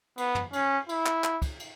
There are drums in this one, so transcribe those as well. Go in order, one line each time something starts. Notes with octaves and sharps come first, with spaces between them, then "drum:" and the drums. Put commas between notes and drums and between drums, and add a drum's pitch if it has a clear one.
B3, drum: cymbal
drum: tom
C#4, drum: cymbal
E4, drum: cymbal
drum: clap
drum: clap
drum: kick, cymbal
drum: cymbal